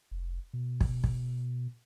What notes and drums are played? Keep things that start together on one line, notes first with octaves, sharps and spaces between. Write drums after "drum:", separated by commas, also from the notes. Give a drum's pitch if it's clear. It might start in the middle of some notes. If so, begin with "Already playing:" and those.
F1
B2
drum: kick
drum: kick